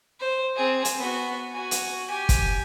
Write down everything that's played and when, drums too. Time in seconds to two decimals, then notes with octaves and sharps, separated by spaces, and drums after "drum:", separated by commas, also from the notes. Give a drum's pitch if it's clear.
0.20 C5
0.56 C4 G#4
0.85 drum: hi-hat
0.98 B3 F#4
1.52 F#4 G#5
1.71 drum: hi-hat
2.06 G4 G#5
2.29 drum: kick, hi-hat